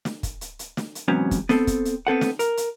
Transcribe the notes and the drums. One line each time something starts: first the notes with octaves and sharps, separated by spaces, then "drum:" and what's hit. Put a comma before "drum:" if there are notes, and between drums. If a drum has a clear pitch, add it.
drum: snare
drum: kick, hi-hat
drum: hi-hat
drum: hi-hat
drum: snare
drum: hi-hat
E2 G#2 C3 F#3 B3 C#4
drum: kick, hi-hat
B3 C4 A4, drum: snare
drum: kick, hi-hat
drum: hi-hat
B3 C4 A4 F#5
drum: snare
A#4, drum: hi-hat
drum: hi-hat